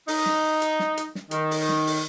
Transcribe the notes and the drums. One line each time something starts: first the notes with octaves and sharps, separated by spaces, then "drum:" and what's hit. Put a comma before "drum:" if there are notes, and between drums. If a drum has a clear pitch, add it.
D#4, drum: open hi-hat
drum: snare
drum: hi-hat
drum: snare
drum: hi-hat
drum: snare
D#3, drum: hi-hat
drum: open hi-hat
drum: snare
drum: open hi-hat